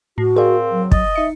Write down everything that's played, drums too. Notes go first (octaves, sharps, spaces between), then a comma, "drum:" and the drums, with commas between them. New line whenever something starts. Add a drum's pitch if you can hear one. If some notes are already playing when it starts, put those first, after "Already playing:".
A2 F#4
C4 G#4 A#4 D5 F5
F#3
D#5 A6, drum: kick
D#4 E5 C#7